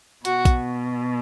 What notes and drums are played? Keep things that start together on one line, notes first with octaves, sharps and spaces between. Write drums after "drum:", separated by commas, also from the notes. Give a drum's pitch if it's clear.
B2 F#4, drum: hi-hat
drum: kick, hi-hat